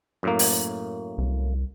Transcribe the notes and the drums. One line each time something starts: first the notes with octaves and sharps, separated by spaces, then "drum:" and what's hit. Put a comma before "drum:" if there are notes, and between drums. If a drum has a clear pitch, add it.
F#2 A2 A#3
drum: open hi-hat
C2